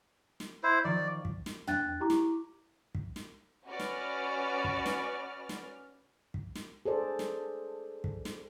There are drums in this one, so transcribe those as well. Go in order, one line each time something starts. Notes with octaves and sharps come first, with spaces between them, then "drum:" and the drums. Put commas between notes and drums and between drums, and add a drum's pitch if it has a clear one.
drum: snare
E4 C5
D#3 F3 D5 C#6
drum: kick
drum: snare
D4 G5 F#6 A6, drum: tom
E4 G4 A#5 D6
drum: snare
drum: kick
drum: snare
C#4 F#4 B4 D5 F6
drum: snare
drum: kick
drum: snare
drum: snare
drum: kick
drum: snare
G#4 A4 C5 D5
drum: snare
drum: kick
drum: snare